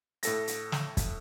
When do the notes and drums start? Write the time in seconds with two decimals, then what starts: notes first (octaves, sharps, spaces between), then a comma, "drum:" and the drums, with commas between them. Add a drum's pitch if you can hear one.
0.23 A2 A4 A#6, drum: hi-hat
0.47 drum: hi-hat
0.72 drum: snare
0.97 drum: kick, hi-hat